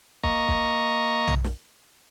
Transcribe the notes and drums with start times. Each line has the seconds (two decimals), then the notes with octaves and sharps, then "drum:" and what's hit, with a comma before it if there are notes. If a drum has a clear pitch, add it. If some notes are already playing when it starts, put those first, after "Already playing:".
0.24 A#3 D#5 A#5 C#6, drum: kick
0.48 drum: kick
1.27 drum: tom
1.44 drum: snare